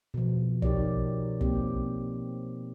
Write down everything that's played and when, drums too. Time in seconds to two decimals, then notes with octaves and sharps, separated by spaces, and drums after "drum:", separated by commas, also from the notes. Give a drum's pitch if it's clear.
0.14 B2 F3
0.62 D#4 G4 A#4 C#5 D5, drum: kick
1.41 A#3 C4 G4, drum: kick